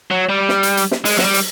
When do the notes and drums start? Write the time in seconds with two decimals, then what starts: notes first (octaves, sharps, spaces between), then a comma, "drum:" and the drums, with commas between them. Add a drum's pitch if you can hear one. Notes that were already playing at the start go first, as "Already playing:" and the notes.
0.11 F#3
0.29 G3
0.49 drum: snare
0.63 drum: hi-hat
0.77 drum: hi-hat
0.91 drum: snare
1.05 G#3, drum: open hi-hat
1.18 F#3, drum: snare
1.25 G3
1.34 drum: hi-hat